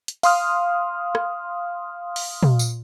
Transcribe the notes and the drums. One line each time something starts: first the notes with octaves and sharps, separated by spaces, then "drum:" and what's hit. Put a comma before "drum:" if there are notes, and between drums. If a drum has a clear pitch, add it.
drum: hi-hat
F5 C6 D#6 F6, drum: open hi-hat
drum: rim click
drum: open hi-hat
drum: tom
drum: tambourine